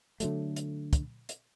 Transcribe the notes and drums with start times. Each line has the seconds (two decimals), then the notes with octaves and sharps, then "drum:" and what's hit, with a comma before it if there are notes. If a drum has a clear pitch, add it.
0.20 D3 F#3 A3, drum: hi-hat
0.56 drum: hi-hat
0.93 drum: kick, hi-hat
1.29 drum: hi-hat